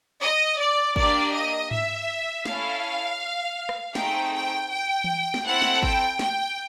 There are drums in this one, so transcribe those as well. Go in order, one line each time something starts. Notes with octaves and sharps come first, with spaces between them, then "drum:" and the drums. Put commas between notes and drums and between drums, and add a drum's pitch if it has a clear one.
D#5
D5
A#3 D4 G4 D5, drum: kick
D#5
E5, drum: tom G#2
C#4 E4 A4 F5, drum: snare
drum: rim click
A3 C4 D#4 G#4 G5, drum: snare
G5
G5
drum: tom E3
drum: snare
C4 E4 A4 F#5
drum: snare
G5, drum: kick
G5, drum: snare